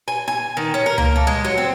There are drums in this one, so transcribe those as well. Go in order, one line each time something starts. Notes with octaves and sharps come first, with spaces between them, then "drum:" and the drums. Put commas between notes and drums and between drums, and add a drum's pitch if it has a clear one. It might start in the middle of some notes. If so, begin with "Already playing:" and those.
G#5
G#5
D#3
C#4
A#4
A#3, drum: tom C#2
A3
G#3
F#3
C4